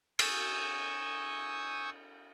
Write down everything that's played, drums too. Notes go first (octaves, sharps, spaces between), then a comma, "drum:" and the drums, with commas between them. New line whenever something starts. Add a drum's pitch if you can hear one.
G#5 C#6 D#6 E6 G6, drum: cymbal